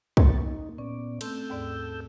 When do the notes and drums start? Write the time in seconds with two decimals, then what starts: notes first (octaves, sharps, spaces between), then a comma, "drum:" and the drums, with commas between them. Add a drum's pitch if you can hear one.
0.17 C6 C#6 G#6 A6, drum: kick
0.42 A#3 D#4
0.78 A#2 B3 C#4 D5
1.21 A3 C4 A4 E6 G6, drum: cymbal
1.50 D#2 G#2 D5